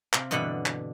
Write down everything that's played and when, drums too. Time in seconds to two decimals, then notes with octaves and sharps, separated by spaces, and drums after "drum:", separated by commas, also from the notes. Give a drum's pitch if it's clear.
0.13 C3 F5, drum: clap
0.31 G2 B2 D3 E3 F#5 B5
0.66 drum: clap